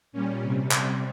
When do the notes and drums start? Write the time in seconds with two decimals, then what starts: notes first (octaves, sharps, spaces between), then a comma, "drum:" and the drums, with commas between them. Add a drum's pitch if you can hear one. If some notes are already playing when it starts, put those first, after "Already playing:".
0.12 A#2 G3 C#4
0.42 C3 G3
0.71 drum: clap